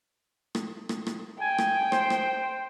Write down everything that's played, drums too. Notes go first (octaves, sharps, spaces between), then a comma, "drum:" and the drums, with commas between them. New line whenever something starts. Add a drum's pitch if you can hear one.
drum: rim click
drum: rim click
drum: rim click
G5 G#5
drum: rim click
C5, drum: rim click
drum: rim click